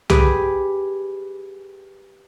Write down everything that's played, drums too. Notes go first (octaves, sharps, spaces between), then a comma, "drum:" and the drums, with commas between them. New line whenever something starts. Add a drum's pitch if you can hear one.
G4 G#4 B4, drum: tom C2